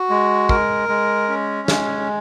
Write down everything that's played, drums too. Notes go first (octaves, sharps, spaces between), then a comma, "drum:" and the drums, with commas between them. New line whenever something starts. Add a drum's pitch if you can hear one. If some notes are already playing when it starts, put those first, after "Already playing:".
Already playing: F#4
G#3
A#4, drum: kick
G#3
C#4
G#3, drum: snare